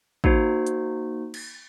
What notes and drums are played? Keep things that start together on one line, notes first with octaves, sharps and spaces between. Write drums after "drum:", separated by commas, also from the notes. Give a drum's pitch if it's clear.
A#3 D#4 F#4 C5, drum: kick
drum: hi-hat
drum: cymbal